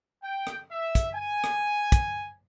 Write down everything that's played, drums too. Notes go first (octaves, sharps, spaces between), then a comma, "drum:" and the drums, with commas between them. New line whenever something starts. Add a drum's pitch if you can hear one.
G5
drum: rim click
E5
drum: kick, hi-hat
G#5
drum: rim click
drum: kick, hi-hat